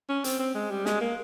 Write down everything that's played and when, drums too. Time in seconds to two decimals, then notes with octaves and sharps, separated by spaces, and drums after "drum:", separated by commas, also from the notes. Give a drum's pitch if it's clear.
0.09 C#4
0.24 C4, drum: hi-hat
0.39 C4
0.55 G#3
0.71 G3
0.86 G#3, drum: snare
1.01 A#3